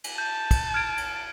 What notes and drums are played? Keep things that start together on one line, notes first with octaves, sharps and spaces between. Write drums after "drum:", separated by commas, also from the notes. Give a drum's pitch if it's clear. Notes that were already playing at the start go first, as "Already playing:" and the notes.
drum: cymbal
A5 G6
drum: kick, cymbal
F6 G#6 D7
drum: cymbal